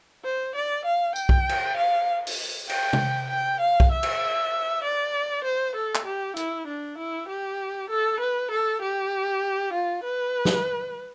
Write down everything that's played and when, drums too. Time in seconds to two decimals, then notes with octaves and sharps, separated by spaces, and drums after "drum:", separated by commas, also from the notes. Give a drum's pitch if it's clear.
0.25 C5
0.55 D5
0.85 F5
1.16 G5, drum: tambourine
1.29 drum: kick B1
1.49 drum: cymbal
1.77 F5
2.27 drum: open hi-hat
2.69 G5, drum: cymbal
2.93 drum: tom C3
3.30 G5
3.61 F5
3.80 drum: kick B1
3.92 E5
4.03 drum: cymbal
4.84 D5
5.44 C5
5.76 A4
5.95 drum: clap
6.06 G4
6.37 E4, drum: hi-hat
6.68 D4
6.98 E4
7.29 G4
7.90 A4
8.20 B4
8.51 A4
8.82 G4
9.74 F4
10.04 B4
10.45 drum: snare